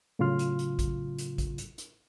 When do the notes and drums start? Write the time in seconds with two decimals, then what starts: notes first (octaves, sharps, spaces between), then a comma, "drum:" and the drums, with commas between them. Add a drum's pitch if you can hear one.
0.19 A2 C#3 F#3 F4 C6 F6
0.39 drum: hi-hat
0.59 drum: hi-hat
0.79 drum: kick A1, hi-hat
1.18 drum: hi-hat
1.38 drum: kick A1, hi-hat
1.58 drum: hi-hat
1.78 drum: hi-hat